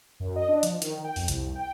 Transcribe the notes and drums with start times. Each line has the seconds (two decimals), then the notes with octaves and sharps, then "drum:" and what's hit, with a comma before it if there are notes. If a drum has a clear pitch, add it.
0.20 F#2
0.36 D#5
0.48 D4
0.63 F3, drum: hi-hat
0.82 D#3, drum: hi-hat
1.04 G5
1.16 F2, drum: open hi-hat
1.28 C2, drum: hi-hat
1.55 G5